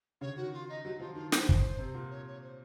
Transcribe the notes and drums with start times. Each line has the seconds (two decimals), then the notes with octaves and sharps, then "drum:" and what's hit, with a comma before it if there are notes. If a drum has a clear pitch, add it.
0.21 C#3 C#5
0.36 D#3 F#4
0.53 F4
0.69 D#4
0.84 F#3 D#4
0.99 F3 F4
1.15 D#3 F4
1.32 C5, drum: snare
1.49 drum: kick
1.78 C3
1.94 A#2
2.10 C#5
2.27 C#5
2.42 C5